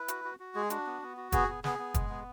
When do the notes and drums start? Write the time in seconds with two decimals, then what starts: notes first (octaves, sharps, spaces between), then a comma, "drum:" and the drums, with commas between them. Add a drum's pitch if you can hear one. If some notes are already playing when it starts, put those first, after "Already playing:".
Already playing: E4 B4
0.08 F#4, drum: hi-hat
0.25 F#4
0.40 F#4
0.55 G#3 G#4
0.70 D4 F#4, drum: hi-hat
0.86 B3
1.02 B3
1.17 F#4
1.32 B3 G#4, drum: kick, hi-hat
1.48 B3
1.64 B3 G#4, drum: snare
1.79 B3
1.94 G#3, drum: kick, hi-hat
2.10 B3